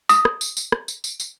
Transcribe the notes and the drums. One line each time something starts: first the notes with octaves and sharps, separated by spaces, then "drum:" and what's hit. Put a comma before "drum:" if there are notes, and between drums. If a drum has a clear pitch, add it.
D#6, drum: tambourine
drum: rim click
drum: tambourine
drum: tambourine
drum: rim click
drum: tambourine
drum: tambourine
drum: tambourine